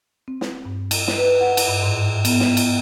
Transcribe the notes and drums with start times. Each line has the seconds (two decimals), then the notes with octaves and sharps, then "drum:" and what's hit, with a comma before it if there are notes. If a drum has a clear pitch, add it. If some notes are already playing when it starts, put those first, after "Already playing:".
0.28 C4
0.41 drum: snare
0.65 G2
0.91 drum: cymbal
1.08 drum: snare
1.18 B4
1.41 F#5
1.57 drum: cymbal
1.68 G2
1.83 G#2
2.25 B3, drum: cymbal
2.40 drum: snare
2.57 drum: cymbal